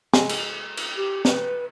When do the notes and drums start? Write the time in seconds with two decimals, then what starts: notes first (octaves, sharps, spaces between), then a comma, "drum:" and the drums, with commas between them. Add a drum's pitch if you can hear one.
0.13 G#3, drum: snare
0.29 drum: cymbal
0.77 drum: cymbal
0.96 G4
1.25 B4, drum: snare